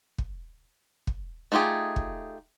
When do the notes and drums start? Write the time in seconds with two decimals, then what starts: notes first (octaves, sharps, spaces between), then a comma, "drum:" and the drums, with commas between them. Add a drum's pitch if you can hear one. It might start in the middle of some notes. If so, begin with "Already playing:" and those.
0.18 drum: kick
1.07 drum: kick
1.52 A3 D#4 F4 G4 G#4
1.96 drum: kick